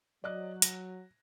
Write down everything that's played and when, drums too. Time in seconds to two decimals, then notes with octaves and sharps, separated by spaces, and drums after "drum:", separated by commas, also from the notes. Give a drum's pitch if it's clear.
0.24 F#3 D5 D#5 F#6
0.62 A#6, drum: hi-hat